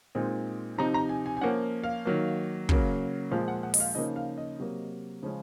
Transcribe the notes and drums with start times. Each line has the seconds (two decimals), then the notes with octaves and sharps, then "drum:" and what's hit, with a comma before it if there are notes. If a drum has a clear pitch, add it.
0.15 A#2 G#3 C4 D#4
0.78 C3 F3 C4 D#4 A#5
0.94 A#5
1.09 G#5
1.26 G#5
1.37 G#5
1.41 F3 A#3 C#4 F#5
1.84 F5
2.05 D#3 F#3 A#3
2.69 C#3 F#3 A#3, drum: kick
3.31 A#2 F3 G#3 F5
3.48 F#5
3.63 F#5
3.74 D#5, drum: open hi-hat
3.80 F5
3.95 C#3 F3 A#3 D#4 D#5
4.16 F5
4.38 D#5
4.59 C3 F#3 A#3
5.23 C#3 F3 G#3 C#4